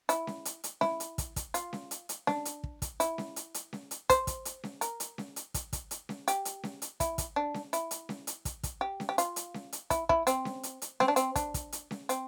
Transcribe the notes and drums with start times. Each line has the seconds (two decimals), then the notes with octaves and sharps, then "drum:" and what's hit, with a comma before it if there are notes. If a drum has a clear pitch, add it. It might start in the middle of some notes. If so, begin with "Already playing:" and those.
0.09 E4, drum: hi-hat
0.27 drum: snare C#4
0.45 drum: hi-hat
0.64 drum: hi-hat
0.81 E4, drum: snare C#4
1.00 drum: hi-hat
1.18 drum: kick, hi-hat
1.36 drum: kick, hi-hat
1.54 F4, drum: hi-hat
1.73 drum: snare C#4
1.91 drum: hi-hat
2.09 drum: hi-hat
2.27 D4, drum: snare C#4
2.45 drum: hi-hat
2.64 drum: kick
2.82 drum: kick, hi-hat
3.00 E4, drum: hi-hat
3.18 drum: snare C#4
3.36 drum: hi-hat
3.54 drum: hi-hat
3.73 drum: snare C#4
3.91 drum: hi-hat
4.10 C5, drum: kick, hi-hat
4.27 drum: kick, hi-hat
4.45 drum: hi-hat
4.64 drum: snare C#4
4.81 A#4, drum: hi-hat
5.00 drum: hi-hat
5.18 drum: snare C#4
5.36 drum: hi-hat
5.54 drum: kick, hi-hat
5.73 drum: kick, hi-hat
5.91 drum: hi-hat
6.09 drum: snare C#4
6.28 G4, drum: hi-hat
6.45 drum: hi-hat
6.63 drum: snare C#4
6.82 drum: hi-hat
7.00 E4, drum: kick, hi-hat
7.18 drum: kick, hi-hat
7.36 D4
7.54 drum: snare C#4
7.73 E4, drum: hi-hat
7.91 drum: hi-hat
8.09 drum: snare C#4
8.27 drum: hi-hat
8.45 drum: kick, hi-hat
8.63 drum: kick, hi-hat
8.81 G4
9.00 drum: snare C#4
9.09 G4
9.18 F4, drum: hi-hat
9.36 drum: hi-hat
9.54 drum: snare C#4
9.73 drum: hi-hat
9.90 E4, drum: kick, hi-hat
10.09 E4, drum: kick
10.27 C4, drum: hi-hat
10.45 drum: snare C#4
10.63 drum: hi-hat
10.82 drum: hi-hat
11.00 C4, drum: snare C#4
11.08 D4
11.16 C4, drum: hi-hat
11.36 D4, drum: kick, hi-hat
11.54 drum: kick, hi-hat
11.72 drum: hi-hat
11.91 drum: snare C#4
12.09 C4, drum: hi-hat